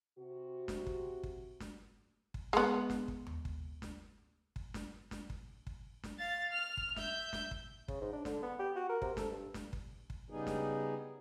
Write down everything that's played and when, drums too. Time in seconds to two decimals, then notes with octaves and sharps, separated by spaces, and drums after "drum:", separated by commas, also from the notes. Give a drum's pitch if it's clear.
0.19 C3 F#4
0.68 drum: snare
0.87 drum: kick
1.23 drum: kick
1.60 drum: snare
2.34 drum: kick
2.53 G#3 B3, drum: snare
2.90 drum: snare
3.08 drum: kick
3.27 drum: tom D#2
3.45 drum: kick
3.82 drum: snare
4.56 drum: kick
4.74 drum: snare
5.11 drum: snare
5.30 drum: kick
5.67 drum: kick
6.04 drum: snare
6.19 F5 A6
6.52 F6
6.77 drum: kick
6.96 E5 G6, drum: snare
7.33 drum: snare
7.51 drum: kick
7.88 C#3, drum: kick
8.01 G#2
8.13 D4
8.25 D3, drum: snare
8.43 B3
8.59 G4
8.76 F#4
8.90 A#4
9.02 C3, drum: kick
9.17 A4, drum: snare
9.32 G2
9.54 drum: snare
9.73 drum: kick
10.10 drum: kick
10.30 C#3 G3 B3 D#4 G#4
10.47 drum: snare